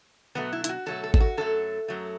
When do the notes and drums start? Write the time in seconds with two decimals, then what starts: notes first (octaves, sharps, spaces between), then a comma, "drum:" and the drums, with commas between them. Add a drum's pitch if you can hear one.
0.35 B2 F#3 A3 B3
0.52 E4
0.64 E4, drum: hi-hat
0.69 F#4
0.86 B2 F#3 A3 A4
1.04 A4
1.14 A4, drum: kick
1.20 F#4
1.37 F#2 F#3 A3 A4
1.88 F#2 F#3 A3